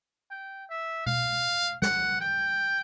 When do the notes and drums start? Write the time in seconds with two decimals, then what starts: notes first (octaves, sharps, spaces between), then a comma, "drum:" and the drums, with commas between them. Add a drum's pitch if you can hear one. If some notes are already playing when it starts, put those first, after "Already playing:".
0.31 G5
0.70 E5
1.06 F5, drum: tom B2
1.82 F#5, drum: snare
2.21 G5